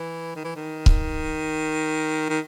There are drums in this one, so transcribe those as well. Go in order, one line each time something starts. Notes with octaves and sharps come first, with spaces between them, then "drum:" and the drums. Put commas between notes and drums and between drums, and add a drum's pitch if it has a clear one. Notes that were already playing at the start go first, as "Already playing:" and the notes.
Already playing: E3
D#3
E3
D#3
drum: kick C#1
D#3